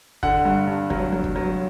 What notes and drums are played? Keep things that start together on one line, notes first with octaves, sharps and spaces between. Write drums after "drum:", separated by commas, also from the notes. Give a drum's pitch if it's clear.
D3 F#5, drum: kick F#1
G2
G2
F#3, drum: kick F#1
F#3
drum: kick F#1
F#3